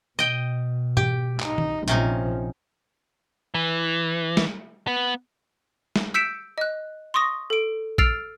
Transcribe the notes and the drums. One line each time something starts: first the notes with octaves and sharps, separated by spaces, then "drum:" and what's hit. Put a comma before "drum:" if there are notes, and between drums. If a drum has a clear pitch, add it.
B2 D#5 G5
G4, drum: tom
D#4, drum: clap
drum: tom D#3
A#1 C3 F3 C#4 D#4, drum: hi-hat
E3
drum: snare
B3
drum: snare
E6 G6 B6 C#7 D7 E7
D#5 F#6
C6 C#6 D#6 A#6
A4 D7
E6 F6 A6 C7 D7 F7, drum: kick